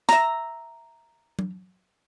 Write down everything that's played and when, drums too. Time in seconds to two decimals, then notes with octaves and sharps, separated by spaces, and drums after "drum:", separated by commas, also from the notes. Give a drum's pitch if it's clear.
0.09 E5 A#5, drum: snare
1.39 drum: tom F#3